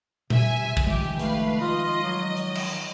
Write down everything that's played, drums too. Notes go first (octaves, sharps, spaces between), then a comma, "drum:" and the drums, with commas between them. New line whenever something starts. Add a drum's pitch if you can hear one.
C3 E5 G#5, drum: tom A#2
drum: kick
D#3 F3 G#3 G4
A3 B4 F5, drum: hi-hat
F4 D#5
F#3
drum: hi-hat
drum: cymbal